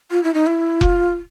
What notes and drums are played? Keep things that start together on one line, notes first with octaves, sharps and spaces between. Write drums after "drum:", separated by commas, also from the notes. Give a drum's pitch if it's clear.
F4
E4
D#4
E4
F4, drum: kick F1